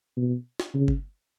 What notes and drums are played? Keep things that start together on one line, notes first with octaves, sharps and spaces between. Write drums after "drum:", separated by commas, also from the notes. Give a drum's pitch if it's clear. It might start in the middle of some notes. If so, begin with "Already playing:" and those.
B2
drum: snare
C#3
drum: kick G1